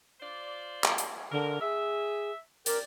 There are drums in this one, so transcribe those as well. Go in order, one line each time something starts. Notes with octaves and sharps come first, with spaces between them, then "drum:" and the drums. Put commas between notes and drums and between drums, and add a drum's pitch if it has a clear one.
F4 C5 D5
drum: clap
drum: hi-hat
D3 A#4
G#4 E5
G4 A#4 D5, drum: hi-hat